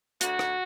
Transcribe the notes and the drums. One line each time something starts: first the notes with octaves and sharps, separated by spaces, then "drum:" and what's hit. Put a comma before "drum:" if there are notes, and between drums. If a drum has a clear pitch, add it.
D2 F#4, drum: hi-hat
D2, drum: rim click